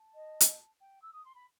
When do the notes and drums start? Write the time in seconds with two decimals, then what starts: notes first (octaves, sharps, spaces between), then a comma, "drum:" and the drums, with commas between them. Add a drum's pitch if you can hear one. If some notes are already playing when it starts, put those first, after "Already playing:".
Already playing: A5
0.15 D#5
0.40 drum: hi-hat
0.81 G5
1.02 E6
1.13 D#6
1.25 C6
1.35 B5